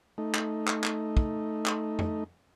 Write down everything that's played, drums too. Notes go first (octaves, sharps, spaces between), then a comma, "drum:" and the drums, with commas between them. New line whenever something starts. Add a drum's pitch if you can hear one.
A3 D#4
drum: clap
drum: clap
drum: clap
drum: kick
drum: clap
drum: tom F2